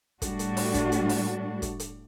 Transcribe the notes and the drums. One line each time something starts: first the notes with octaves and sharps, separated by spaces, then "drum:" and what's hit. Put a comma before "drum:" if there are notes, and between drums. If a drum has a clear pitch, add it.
A2 G3 D4 F#4, drum: kick, hi-hat
drum: hi-hat
drum: open hi-hat
drum: kick, hi-hat
drum: hi-hat
drum: open hi-hat
drum: kick, hi-hat
drum: hi-hat